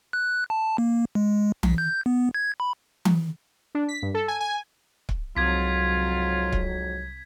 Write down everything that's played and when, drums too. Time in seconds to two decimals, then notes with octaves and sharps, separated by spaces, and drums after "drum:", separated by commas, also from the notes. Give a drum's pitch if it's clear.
0.13 F#6
0.50 A5
0.78 A#3
1.15 G#3
1.63 B1, drum: tom E3
1.78 G6
2.06 B3
2.34 G#6
2.60 B5
3.05 drum: tom E3
3.75 D4
3.89 B6
4.02 G2
4.14 A4
4.28 G#5
4.40 G#5
5.09 drum: kick C#1
5.37 C2 F2 G#2 F#3 F4 G#6 B6
6.52 drum: kick C#1